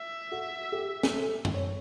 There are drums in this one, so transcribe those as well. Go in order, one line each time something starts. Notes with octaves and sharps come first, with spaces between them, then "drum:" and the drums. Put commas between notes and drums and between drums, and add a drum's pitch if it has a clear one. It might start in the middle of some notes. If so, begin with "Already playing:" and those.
Already playing: E5
F#4
G4
drum: snare
A4
drum: tom
C#5